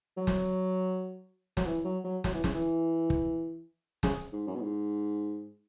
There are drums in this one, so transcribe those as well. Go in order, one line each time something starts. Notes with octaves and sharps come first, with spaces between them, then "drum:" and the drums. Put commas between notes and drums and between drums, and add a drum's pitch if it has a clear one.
F#3
drum: snare
F#3, drum: snare
E3
F#3
F#3
F#3, drum: snare
E3
C#3, drum: snare
E3
drum: kick
C#3, drum: snare
G#2
F#2
B2
G#2